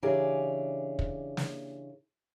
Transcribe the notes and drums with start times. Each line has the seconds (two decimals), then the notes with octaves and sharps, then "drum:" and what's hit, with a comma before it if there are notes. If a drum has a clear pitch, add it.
0.03 C#3 E3 D4 G4 G#4 A#4
0.99 drum: kick
1.37 drum: snare